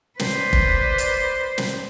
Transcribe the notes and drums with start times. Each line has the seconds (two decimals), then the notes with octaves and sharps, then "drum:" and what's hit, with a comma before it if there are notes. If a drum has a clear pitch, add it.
0.19 B4 C5 D5, drum: snare
0.53 drum: kick
0.98 drum: hi-hat
1.58 drum: snare